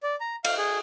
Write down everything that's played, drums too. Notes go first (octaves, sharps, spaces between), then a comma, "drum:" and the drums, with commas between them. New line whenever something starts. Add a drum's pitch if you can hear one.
D5
A#5
F5, drum: cymbal
G#4